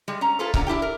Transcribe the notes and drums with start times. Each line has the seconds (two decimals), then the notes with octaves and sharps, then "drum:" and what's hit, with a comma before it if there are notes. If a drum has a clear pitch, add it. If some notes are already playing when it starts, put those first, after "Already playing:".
0.08 G3 G#3
0.21 C#4 A#5
0.39 F4 G#4 A4 B4 C5
0.54 E2 A#2 D3 C#4 A#4, drum: kick C#1
0.67 D4 E4 G4 G5
0.82 A#4